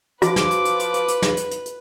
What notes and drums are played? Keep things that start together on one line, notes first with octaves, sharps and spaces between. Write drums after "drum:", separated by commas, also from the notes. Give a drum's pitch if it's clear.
F3 F#4 B4 D6, drum: hi-hat
drum: snare
drum: hi-hat
drum: hi-hat
drum: hi-hat
drum: hi-hat
drum: hi-hat
drum: snare
drum: hi-hat
drum: hi-hat
drum: hi-hat